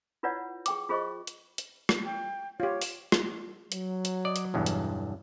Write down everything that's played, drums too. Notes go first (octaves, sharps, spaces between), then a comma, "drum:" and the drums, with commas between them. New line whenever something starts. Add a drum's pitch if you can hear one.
E4 F4 B4 C#5 D5 F#5
G#4 G5 D6, drum: hi-hat
F4 G#4 C5 D#5 C#6
drum: hi-hat
drum: hi-hat
drum: rim click
G5
F4 G4 C#5
drum: open hi-hat
drum: rim click
F#3, drum: hi-hat
drum: hi-hat
D5 D#5
drum: hi-hat
B1 E2 G2
drum: hi-hat